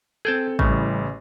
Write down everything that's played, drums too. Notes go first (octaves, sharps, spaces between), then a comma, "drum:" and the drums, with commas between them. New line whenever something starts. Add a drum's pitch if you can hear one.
C4 G#4 A4 G5 A5
A1 A2 C#3 G3, drum: kick G#1